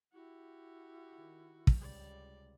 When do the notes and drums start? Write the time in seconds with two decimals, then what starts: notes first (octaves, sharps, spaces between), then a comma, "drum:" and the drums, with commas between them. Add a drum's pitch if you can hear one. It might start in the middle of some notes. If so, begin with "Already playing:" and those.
0.14 E4 F#4 G4
1.13 D#3
1.67 drum: kick
1.79 C#2 C3 G3 D5